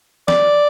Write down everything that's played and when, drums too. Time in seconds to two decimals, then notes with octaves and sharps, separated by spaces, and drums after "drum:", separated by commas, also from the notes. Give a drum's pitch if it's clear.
0.28 D5, drum: snare